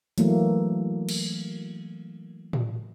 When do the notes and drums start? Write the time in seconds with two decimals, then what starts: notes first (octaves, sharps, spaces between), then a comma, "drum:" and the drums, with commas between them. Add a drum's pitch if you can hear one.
0.18 E3 F#3 A3 A#3, drum: hi-hat
1.09 drum: cymbal
2.53 drum: tom A2